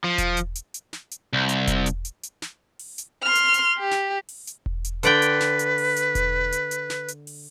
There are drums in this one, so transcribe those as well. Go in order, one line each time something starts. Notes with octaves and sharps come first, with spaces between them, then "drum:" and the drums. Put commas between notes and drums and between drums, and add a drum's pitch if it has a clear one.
F3
drum: kick E1, hi-hat
drum: hi-hat
drum: hi-hat
drum: hi-hat
drum: snare
drum: hi-hat
C2
drum: hi-hat
drum: kick E1, hi-hat
drum: hi-hat
drum: hi-hat
drum: hi-hat
drum: snare
drum: open hi-hat
drum: hi-hat
C6 F6
drum: hi-hat
drum: hi-hat
G4
drum: snare
drum: open hi-hat
drum: hi-hat
drum: kick E1
drum: hi-hat
D3 B4 D5 G5, drum: hi-hat
drum: hi-hat
drum: snare
drum: hi-hat
drum: open hi-hat
drum: hi-hat
drum: kick E1, hi-hat
drum: hi-hat
drum: hi-hat
drum: snare
drum: hi-hat
drum: open hi-hat